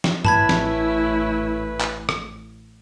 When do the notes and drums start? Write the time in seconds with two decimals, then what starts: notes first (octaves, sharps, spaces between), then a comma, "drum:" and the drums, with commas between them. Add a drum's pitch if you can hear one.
0.04 drum: snare
0.25 A1 C#4 E4 B4 A5 B5 G#6, drum: tom G2
0.49 drum: snare
1.81 drum: clap
2.09 drum: rim click